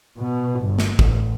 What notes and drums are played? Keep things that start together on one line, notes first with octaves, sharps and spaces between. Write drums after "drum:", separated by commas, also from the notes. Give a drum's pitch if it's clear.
B2
G1
drum: snare
A1, drum: kick G#1